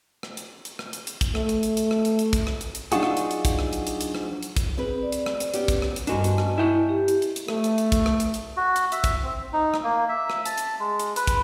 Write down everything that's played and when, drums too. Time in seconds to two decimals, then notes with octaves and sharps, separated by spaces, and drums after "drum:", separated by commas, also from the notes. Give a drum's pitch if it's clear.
0.23 drum: rim click
0.37 drum: hi-hat
0.65 drum: hi-hat
0.79 drum: rim click
0.93 drum: hi-hat
1.07 drum: hi-hat
1.21 drum: kick, hi-hat
1.35 A3, drum: rim click
1.49 drum: hi-hat
1.63 drum: hi-hat
1.77 drum: hi-hat
1.91 drum: rim click
2.05 drum: hi-hat
2.19 drum: hi-hat
2.33 drum: kick, hi-hat
2.47 drum: rim click
2.61 drum: hi-hat
2.75 drum: hi-hat
2.92 F#3 D4 D#4 F4 F#4 G#4, drum: hi-hat
3.03 drum: rim click
3.17 drum: hi-hat
3.31 drum: hi-hat
3.45 drum: kick, hi-hat
3.59 drum: rim click
3.73 drum: hi-hat
3.87 drum: hi-hat
4.01 drum: hi-hat
4.15 drum: rim click
4.43 drum: hi-hat
4.57 drum: kick, hi-hat
4.77 C4 G#4 B4
5.03 D5
5.12 drum: hi-hat
5.26 drum: rim click
5.40 drum: hi-hat
5.54 B3 C#4 G4, drum: hi-hat
5.68 drum: kick, hi-hat
5.82 drum: rim click
5.96 drum: hi-hat
6.07 G2 A#3 B3 D4 F#4 D#5 G#5 A5, drum: hi-hat
6.24 drum: hi-hat
6.38 drum: rim click
6.58 E4 G5
6.89 G4
7.08 drum: hi-hat
7.22 drum: hi-hat
7.36 drum: hi-hat
7.48 A3, drum: rim click
7.64 drum: hi-hat
7.78 drum: hi-hat
7.92 drum: kick, hi-hat
8.06 drum: rim click
8.20 drum: hi-hat
8.34 drum: hi-hat
8.57 F#4
8.76 drum: hi-hat
8.92 E5, drum: hi-hat
9.04 drum: kick, hi-hat
9.23 C4
9.53 D#4
9.74 drum: rim click
9.83 A#3
10.08 E5
10.30 drum: rim click
10.45 A5, drum: hi-hat
10.58 drum: hi-hat
10.79 G#3
10.99 drum: hi-hat
11.16 B4, drum: hi-hat
11.27 drum: kick, hi-hat